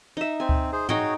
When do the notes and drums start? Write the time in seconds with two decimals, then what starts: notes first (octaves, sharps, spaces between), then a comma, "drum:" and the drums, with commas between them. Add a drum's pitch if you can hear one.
0.17 D#4 E5
0.40 C4 G#5
0.49 drum: kick D2
0.73 G#4 C5
0.89 D#4 F#4 G#4 C#5 G5, drum: tom